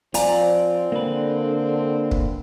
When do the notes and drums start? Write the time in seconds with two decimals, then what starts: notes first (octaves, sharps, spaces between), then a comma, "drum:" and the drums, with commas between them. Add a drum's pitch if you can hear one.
0.14 F3 C4 F4 D5 G#5 A#5, drum: hi-hat
0.92 D3 A#3 B4
2.11 drum: kick